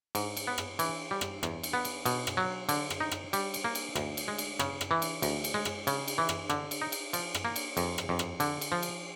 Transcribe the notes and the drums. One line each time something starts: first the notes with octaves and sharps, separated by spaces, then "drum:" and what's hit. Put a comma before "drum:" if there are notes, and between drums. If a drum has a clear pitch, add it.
G#2, drum: cymbal
drum: cymbal
B3
drum: rim click
E3, drum: cymbal
G3
drum: rim click
E2, drum: rim click
drum: cymbal
B3
drum: cymbal
B2, drum: cymbal
drum: rim click
F#3
D3, drum: cymbal
drum: rim click
D#4
drum: rim click
G3, drum: cymbal
drum: cymbal
A#3
drum: cymbal
D2, drum: rim click
drum: cymbal
G#3
drum: cymbal
C#3, drum: rim click
drum: rim click
E3
drum: cymbal
D2, drum: cymbal
drum: cymbal
G#3
drum: rim click
C#3, drum: cymbal
drum: cymbal
E3
drum: rim click
D3, drum: rim click
drum: cymbal
D#4
drum: cymbal
F3, drum: cymbal
drum: rim click
A#3
drum: cymbal
F2, drum: cymbal
drum: rim click
F2
drum: rim click
D3, drum: cymbal
drum: cymbal
F3
drum: cymbal